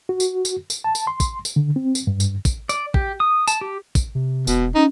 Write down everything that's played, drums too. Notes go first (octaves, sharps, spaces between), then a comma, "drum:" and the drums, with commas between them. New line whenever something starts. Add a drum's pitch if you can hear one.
F#4
drum: tambourine
drum: tambourine
drum: tambourine
A5
drum: tambourine
C6
drum: kick, tambourine
drum: tambourine
D3
C4
drum: tambourine
G2
drum: tambourine
drum: kick, tambourine
D5, drum: tambourine
G4, drum: kick
D#6
A5, drum: tambourine
G4
drum: kick, tambourine
C3
E1 B2, drum: tambourine
C#4 D#4